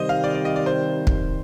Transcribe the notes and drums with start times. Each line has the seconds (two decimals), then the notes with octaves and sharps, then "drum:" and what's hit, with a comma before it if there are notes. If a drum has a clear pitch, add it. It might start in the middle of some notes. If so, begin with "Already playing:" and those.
Already playing: C3 D#3 G3 C5 D#5
0.09 F5
0.24 D5
0.34 D5
0.45 D#5
0.56 D5
0.66 C5
1.07 drum: kick